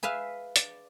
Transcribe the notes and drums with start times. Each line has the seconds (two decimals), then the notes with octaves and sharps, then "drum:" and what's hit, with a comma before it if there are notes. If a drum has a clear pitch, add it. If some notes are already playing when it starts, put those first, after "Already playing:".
0.03 G#4 B4 E5 F5
0.56 D5, drum: hi-hat